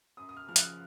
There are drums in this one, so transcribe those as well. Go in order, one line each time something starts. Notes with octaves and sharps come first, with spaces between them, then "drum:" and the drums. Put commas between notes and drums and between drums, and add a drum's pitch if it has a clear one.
F#2 D#6
D#6
F6
C#3 F3 F6
F#6, drum: hi-hat